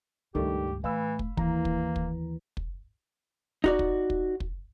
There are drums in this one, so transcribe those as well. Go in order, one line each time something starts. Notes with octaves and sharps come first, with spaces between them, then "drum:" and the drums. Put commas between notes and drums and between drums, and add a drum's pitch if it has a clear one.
C#2 G2 D#3 A3 D4 G4
A2 E3 F5 B5 E6
drum: kick
D#2 E3 A#3 A#5, drum: kick
drum: kick
drum: kick
drum: kick
D#4 F#4 D5, drum: kick
drum: kick
drum: kick
drum: kick